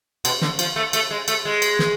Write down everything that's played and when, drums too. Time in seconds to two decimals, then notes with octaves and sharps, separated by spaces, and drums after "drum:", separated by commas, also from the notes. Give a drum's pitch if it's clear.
0.25 B2, drum: cymbal
0.41 D3, drum: snare
0.59 F3, drum: cymbal
0.76 A3
0.93 A3, drum: cymbal
1.11 G#3
1.28 A3, drum: cymbal
1.45 G#3
1.62 drum: cymbal
1.79 drum: snare